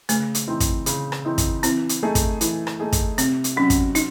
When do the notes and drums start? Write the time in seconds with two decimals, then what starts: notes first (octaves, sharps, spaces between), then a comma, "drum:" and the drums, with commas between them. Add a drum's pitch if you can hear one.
0.09 C#3 A3, drum: hi-hat
0.35 drum: hi-hat
0.47 E3 C4 D#4
0.60 drum: kick, hi-hat
0.86 C#3, drum: hi-hat
1.12 drum: rim click
1.25 E3 C4 D#4
1.38 drum: kick, hi-hat
1.63 E3 C4, drum: hi-hat
1.89 drum: hi-hat
2.03 A3 D#4 G#4
2.15 drum: kick, hi-hat
2.41 E3, drum: hi-hat
2.67 drum: rim click
2.80 A3 D#4 G#4
2.92 drum: kick, hi-hat
3.18 C3 C4, drum: hi-hat
3.44 drum: hi-hat
3.56 F#3 C4 C#4 D#4 F#4
3.70 drum: kick, hi-hat
3.95 D#4, drum: hi-hat